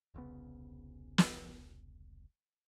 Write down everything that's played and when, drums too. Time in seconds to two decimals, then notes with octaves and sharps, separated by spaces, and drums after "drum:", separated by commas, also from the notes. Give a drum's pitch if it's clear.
0.14 E1 C2 C#3 B3
1.18 drum: snare